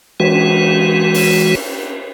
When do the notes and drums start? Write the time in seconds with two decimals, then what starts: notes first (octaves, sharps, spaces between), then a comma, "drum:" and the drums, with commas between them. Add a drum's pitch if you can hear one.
0.20 E3 G#3 F#4, drum: cymbal
1.14 drum: open hi-hat